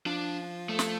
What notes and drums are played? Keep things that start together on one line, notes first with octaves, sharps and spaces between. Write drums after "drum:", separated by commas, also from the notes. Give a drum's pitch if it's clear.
F3 D4 F4
A3
drum: snare